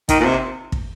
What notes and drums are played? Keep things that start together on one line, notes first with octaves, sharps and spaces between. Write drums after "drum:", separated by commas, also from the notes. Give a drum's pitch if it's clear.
D#3, drum: kick, hi-hat
A#2
C3
drum: kick